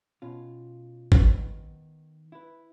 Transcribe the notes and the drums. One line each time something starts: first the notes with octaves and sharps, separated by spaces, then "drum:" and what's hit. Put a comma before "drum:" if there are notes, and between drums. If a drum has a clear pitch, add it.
B2 C#4 F4
D#3 B3, drum: kick G#1
E4 B4